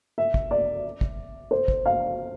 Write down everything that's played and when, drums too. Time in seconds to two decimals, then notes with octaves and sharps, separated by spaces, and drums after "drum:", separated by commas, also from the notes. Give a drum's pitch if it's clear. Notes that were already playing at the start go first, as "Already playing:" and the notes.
0.18 E5
0.34 drum: kick
0.51 D5
1.01 drum: kick
1.51 C5
1.68 drum: kick
1.86 F5